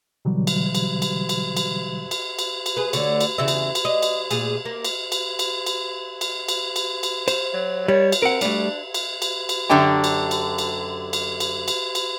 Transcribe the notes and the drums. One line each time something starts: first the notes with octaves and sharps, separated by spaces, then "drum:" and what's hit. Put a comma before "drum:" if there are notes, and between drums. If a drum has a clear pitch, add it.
B2 D3 E3 F#3 G3
drum: cymbal
drum: cymbal
drum: cymbal
drum: cymbal
drum: cymbal
drum: cymbal
drum: cymbal
drum: cymbal
G#4 B4
D2 D3 C#5, drum: cymbal
drum: cymbal
E2 C#3 E5
drum: cymbal
drum: cymbal
D#5
drum: cymbal
A#2 G#4, drum: cymbal
A#3
drum: cymbal
drum: cymbal
drum: cymbal
drum: cymbal
drum: cymbal
drum: cymbal
drum: cymbal
drum: cymbal
C5, drum: cymbal
F#3
G3 C#5
drum: cymbal
C4 A#4 F#5
G3 A3 D4, drum: cymbal
drum: cymbal
drum: cymbal
drum: cymbal
F#2 D3 D4 G4 A#5
drum: cymbal
drum: cymbal
drum: cymbal
drum: cymbal
drum: cymbal
drum: cymbal
drum: cymbal